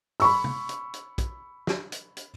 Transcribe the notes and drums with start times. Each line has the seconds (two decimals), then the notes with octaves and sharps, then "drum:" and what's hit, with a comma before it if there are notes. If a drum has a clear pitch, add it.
0.20 B5 C#6 E6, drum: open hi-hat
0.44 drum: tom
0.69 drum: hi-hat
0.94 drum: hi-hat
1.18 drum: kick, hi-hat
1.67 drum: snare
1.92 drum: hi-hat
2.17 drum: hi-hat